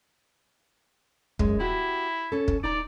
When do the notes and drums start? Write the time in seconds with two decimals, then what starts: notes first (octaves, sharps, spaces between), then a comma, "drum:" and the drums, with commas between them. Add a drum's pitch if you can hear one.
1.39 F#2 G#3, drum: kick
1.60 E4 F#4 G4
2.32 C#4 A4
2.48 drum: kick
2.64 D#4 D5 A#5